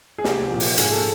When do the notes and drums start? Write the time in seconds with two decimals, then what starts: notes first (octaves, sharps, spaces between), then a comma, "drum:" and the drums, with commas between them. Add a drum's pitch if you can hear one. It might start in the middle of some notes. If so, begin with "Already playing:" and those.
0.18 G#4
0.24 C2 G4, drum: snare
0.51 A#2 F3
0.60 drum: open hi-hat
0.78 G#2 G#4, drum: hi-hat
0.91 A4